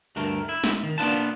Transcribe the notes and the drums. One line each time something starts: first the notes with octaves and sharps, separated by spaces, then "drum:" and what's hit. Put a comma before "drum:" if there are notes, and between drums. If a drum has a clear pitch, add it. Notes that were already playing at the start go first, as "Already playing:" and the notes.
D2 G2 A3 A#4
E4
drum: snare
D#3
A#3 B3 D4 F4 B4 A5